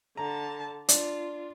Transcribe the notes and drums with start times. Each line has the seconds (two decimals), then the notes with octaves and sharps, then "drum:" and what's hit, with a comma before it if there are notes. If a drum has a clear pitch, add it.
0.17 D3 A5 A#5
0.89 D4 F4, drum: hi-hat